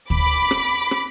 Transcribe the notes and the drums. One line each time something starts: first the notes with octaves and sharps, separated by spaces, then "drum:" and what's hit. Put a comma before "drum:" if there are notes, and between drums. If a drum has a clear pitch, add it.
B5 D6, drum: kick
drum: rim click
drum: rim click